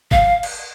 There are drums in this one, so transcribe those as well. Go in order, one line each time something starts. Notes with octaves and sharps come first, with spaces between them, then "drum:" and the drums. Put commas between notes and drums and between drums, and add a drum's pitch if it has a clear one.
F5, drum: kick
drum: cymbal